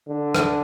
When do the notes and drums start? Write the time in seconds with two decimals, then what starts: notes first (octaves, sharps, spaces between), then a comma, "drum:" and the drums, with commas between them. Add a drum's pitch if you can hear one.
0.08 D3
0.35 drum: rim click